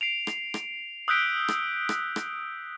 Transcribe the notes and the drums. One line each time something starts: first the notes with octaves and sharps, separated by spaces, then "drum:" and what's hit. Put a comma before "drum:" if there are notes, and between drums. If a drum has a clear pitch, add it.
C7 D7 F7
drum: rim click
drum: rim click
D#6 E6 F#6 G6 B6 D7
drum: rim click
drum: rim click
drum: rim click